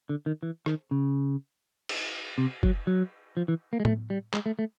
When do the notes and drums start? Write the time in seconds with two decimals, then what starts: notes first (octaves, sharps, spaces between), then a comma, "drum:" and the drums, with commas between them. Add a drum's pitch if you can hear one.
0.09 D3
0.26 D#3
0.43 E3
0.66 D#3, drum: rim click
0.91 C#3
1.89 drum: cymbal
2.38 C3
2.63 F#3, drum: kick
2.87 F#3
3.37 F3
3.48 E3
3.73 A#3
3.80 G#3
3.85 A3, drum: tom A2
4.10 G3
4.33 G#3, drum: clap
4.46 A3
4.59 A3